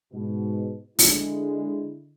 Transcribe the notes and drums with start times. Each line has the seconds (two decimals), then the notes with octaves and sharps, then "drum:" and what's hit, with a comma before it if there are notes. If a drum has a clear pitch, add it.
0.13 G#2 B2
0.99 D3 G#3 E4, drum: open hi-hat